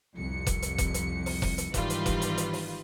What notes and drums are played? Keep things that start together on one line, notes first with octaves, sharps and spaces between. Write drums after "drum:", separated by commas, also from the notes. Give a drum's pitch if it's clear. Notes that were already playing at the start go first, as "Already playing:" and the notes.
C2 F2 C#7
drum: kick F1, hi-hat
drum: hi-hat
drum: kick F1, hi-hat
drum: hi-hat
drum: open hi-hat
drum: kick F1, open hi-hat
drum: hi-hat
G#1 D#3 E3 G3 F4 B4, drum: kick F1, hi-hat
drum: hi-hat
drum: kick F1, hi-hat
drum: hi-hat
drum: hi-hat
drum: open hi-hat